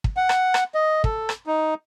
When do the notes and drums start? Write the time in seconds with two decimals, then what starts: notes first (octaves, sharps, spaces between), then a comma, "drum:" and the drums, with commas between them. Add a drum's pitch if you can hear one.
0.04 drum: kick
0.17 F#5
0.29 drum: rim click
0.54 drum: rim click
0.74 D#5
1.04 A4, drum: kick
1.29 drum: rim click
1.46 D#4